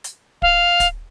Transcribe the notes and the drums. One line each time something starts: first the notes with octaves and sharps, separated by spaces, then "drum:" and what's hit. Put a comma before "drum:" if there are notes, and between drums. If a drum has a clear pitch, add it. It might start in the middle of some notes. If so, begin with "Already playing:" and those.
drum: hi-hat
F5, drum: kick
drum: kick, hi-hat